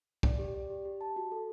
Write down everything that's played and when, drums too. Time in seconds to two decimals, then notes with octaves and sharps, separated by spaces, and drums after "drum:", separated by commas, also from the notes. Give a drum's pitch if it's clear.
0.23 D5, drum: kick
0.39 G4
0.54 D5
0.70 G4
0.85 G4
1.01 A5
1.16 F#4
1.32 A4